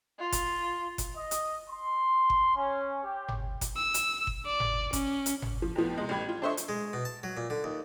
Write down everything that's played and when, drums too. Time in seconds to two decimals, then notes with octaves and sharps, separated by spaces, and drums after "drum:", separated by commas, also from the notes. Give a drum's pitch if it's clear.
0.19 F4
0.32 drum: kick F#1, hi-hat
0.98 drum: kick F#1, hi-hat
1.16 D#5
1.31 drum: hi-hat
1.70 C6
2.30 drum: kick F#1
2.56 C#4
3.04 G4
3.28 drum: tom G1
3.61 drum: kick F#1, hi-hat
3.76 E6
3.94 drum: hi-hat
4.27 drum: kick F#1
4.46 D5
4.60 drum: tom G1
4.93 C#4, drum: kick F#1, hi-hat
5.26 drum: hi-hat
5.42 drum: tom G1
5.62 F3
5.76 F2 A2 F3 B3
5.98 C3 G#3
6.09 A1 G3 G4 B5 G#6
6.29 F4
6.42 D4 A4 C5 D#5 E5 C#6
6.57 drum: hi-hat
6.68 G#3
6.93 B2
7.05 A5
7.23 F#3
7.37 A#2
7.50 D3
7.64 D#2